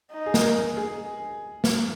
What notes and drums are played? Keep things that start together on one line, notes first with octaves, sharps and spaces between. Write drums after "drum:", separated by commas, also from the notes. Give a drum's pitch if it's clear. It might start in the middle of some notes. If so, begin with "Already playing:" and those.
D#4
G#4
A#4, drum: snare
G#4
drum: snare